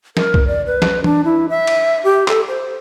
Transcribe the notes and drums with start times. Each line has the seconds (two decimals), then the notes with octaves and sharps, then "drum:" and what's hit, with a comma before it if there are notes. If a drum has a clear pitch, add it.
0.17 A#4, drum: snare
0.34 drum: kick C2
0.47 D5
0.66 B4
0.82 drum: snare
1.04 D4, drum: tom E3
1.25 E4
1.49 E5
1.67 drum: cymbal
2.04 G4
2.28 A4, drum: clap
2.48 C5